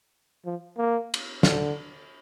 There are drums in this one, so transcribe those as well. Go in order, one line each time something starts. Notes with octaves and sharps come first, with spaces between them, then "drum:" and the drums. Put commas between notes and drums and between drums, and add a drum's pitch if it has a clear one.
F3
A#3
drum: cymbal
D3, drum: snare